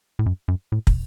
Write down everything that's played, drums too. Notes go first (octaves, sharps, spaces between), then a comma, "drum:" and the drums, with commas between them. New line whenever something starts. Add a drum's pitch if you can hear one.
A2
F#2
F#2
A2
drum: kick